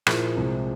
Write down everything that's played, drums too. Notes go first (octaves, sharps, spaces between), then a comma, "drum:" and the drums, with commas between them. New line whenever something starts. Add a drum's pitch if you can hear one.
A#2 F3 A#3 E4 G#4, drum: rim click
C2 C3 F3 G#3